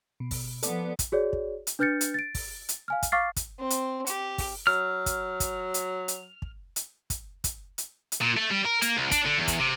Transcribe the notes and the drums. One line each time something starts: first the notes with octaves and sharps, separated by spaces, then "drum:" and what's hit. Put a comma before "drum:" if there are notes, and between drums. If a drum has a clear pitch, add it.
B2
drum: kick, open hi-hat
F3 B3 A4 D5, drum: hi-hat
drum: kick, hi-hat
F#4 G#4 C#5 D5
drum: kick
drum: hi-hat
D4 B4 F6 G6 A6 C#7
drum: hi-hat
A6 D7
drum: kick, open hi-hat
drum: hi-hat
F5 G#5 F6
drum: kick, hi-hat
F5 C#6 D6 F6 A6 C7
drum: kick, hi-hat
C4
drum: hi-hat
G4, drum: hi-hat
drum: kick, open hi-hat
F#3 F6
drum: kick, hi-hat
drum: kick, hi-hat
drum: hi-hat
drum: hi-hat
drum: kick
drum: hi-hat
drum: kick, hi-hat
drum: kick, hi-hat
drum: hi-hat
drum: hi-hat
A#2
A3
G3
A#4
A#3, drum: hi-hat
C2
D4, drum: kick, hi-hat
D3
E2
drum: kick, hi-hat
C3